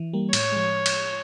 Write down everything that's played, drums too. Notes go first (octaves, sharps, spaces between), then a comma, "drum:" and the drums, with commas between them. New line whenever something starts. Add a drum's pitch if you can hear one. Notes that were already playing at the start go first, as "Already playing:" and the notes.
Already playing: E3
G3 A#3
A2 C#5, drum: cymbal
F3 G#3
drum: cymbal